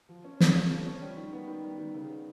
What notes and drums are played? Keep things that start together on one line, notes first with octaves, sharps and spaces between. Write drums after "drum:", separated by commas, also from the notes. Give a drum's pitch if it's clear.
F3
C#4
A#3, drum: snare
C#3
F3
C#4
G3
D#3
B3
D#3
G3
D#3
C#3
B3